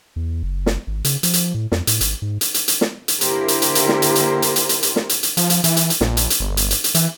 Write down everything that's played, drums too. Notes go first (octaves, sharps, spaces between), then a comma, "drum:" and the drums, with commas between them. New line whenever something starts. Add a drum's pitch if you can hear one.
E2
F#1
drum: snare
G#1
C#3, drum: hi-hat
F3, drum: hi-hat
drum: hi-hat
A2
F2, drum: snare
A2, drum: hi-hat
G#1, drum: hi-hat
G#2
drum: hi-hat
drum: hi-hat
drum: hi-hat
drum: snare
drum: hi-hat
D3 A#3 E4 G4 A#4 C5, drum: hi-hat
drum: hi-hat
drum: hi-hat
drum: hi-hat
drum: snare
drum: hi-hat
drum: hi-hat
drum: hi-hat
drum: hi-hat
drum: hi-hat
drum: hi-hat
drum: snare
drum: hi-hat
drum: hi-hat
F3, drum: hi-hat
drum: hi-hat
E3, drum: hi-hat
drum: hi-hat
drum: hi-hat
A#1, drum: snare
drum: hi-hat
drum: hi-hat
G1
drum: hi-hat
drum: hi-hat
drum: hi-hat
E3, drum: hi-hat